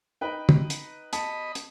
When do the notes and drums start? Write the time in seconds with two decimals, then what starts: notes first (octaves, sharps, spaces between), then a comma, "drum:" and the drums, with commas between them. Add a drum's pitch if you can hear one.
0.21 D#4 B4 G5
0.49 drum: tom
0.70 drum: hi-hat
1.13 D#5 A5 B5, drum: hi-hat
1.55 drum: hi-hat